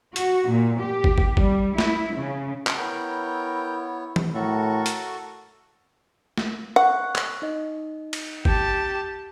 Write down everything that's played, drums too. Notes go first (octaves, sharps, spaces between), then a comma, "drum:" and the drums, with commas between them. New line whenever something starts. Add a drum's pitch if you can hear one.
F#4, drum: hi-hat
A#2
G4
drum: kick
drum: kick
G3, drum: kick
E4, drum: snare
C#3
drum: clap
B3 E4 A#4 C#5 G5
drum: tom E3
A2 F#4 A4 A#4 C#6
drum: hi-hat
drum: snare
F#5 C#6 F#6
drum: clap
D#4 D#5
drum: cymbal
G4 A5 G6, drum: kick